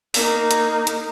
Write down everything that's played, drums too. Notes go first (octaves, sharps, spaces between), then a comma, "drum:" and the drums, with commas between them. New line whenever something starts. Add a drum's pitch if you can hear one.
A#3 D#4, drum: open hi-hat
drum: hi-hat
drum: hi-hat